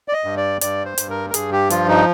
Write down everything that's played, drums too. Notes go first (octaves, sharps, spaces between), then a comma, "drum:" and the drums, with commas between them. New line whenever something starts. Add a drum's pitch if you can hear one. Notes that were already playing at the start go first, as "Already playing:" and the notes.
D5
D#5
G2
D5
G2 D5, drum: hi-hat
C5
G2, drum: hi-hat
A#4
A#4
G2 G#4, drum: hi-hat
G4
F3 F4, drum: hi-hat
D#4